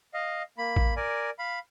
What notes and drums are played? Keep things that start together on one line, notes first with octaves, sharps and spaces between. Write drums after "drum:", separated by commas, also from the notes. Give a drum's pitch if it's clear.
D#5 F5
A#3 B5
drum: kick
A#4 D5 G#5
F5 B5